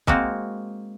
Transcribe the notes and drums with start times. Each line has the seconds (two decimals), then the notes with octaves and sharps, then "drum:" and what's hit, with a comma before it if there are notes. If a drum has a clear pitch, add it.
0.07 G#3 A#3 C4 F#4, drum: kick